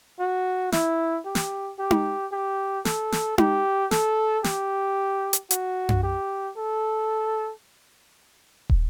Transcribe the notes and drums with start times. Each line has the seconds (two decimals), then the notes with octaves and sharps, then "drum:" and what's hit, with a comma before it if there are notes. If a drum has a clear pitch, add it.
0.20 F#4
0.72 E4, drum: snare
1.25 G4
1.35 drum: snare
1.79 G4
1.91 drum: tom D#4
2.32 G4
2.85 A4, drum: snare
3.12 drum: snare
3.38 G4, drum: tom D#4
3.91 A4, drum: snare
4.44 G4, drum: snare
5.33 drum: hi-hat
5.51 F#4, drum: hi-hat
5.89 drum: tom F#2
6.03 G4
6.57 A4
8.70 drum: kick